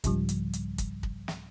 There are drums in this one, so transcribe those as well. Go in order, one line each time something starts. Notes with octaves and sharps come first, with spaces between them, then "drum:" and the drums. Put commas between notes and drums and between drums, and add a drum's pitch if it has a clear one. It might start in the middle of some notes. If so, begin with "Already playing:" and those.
C2 G#2 C#3 F3 G3, drum: kick, hi-hat
drum: hi-hat
drum: hi-hat
drum: kick, hi-hat
drum: kick
drum: snare